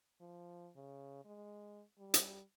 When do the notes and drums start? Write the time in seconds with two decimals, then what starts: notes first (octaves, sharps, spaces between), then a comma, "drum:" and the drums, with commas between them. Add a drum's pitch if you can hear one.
0.21 F3
0.76 C#3
1.25 G#3
1.99 G3
2.14 drum: hi-hat